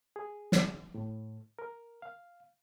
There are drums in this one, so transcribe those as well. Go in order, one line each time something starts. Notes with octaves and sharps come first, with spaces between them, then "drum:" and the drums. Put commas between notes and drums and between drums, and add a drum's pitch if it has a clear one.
G#4
drum: snare
A2
A#4
F5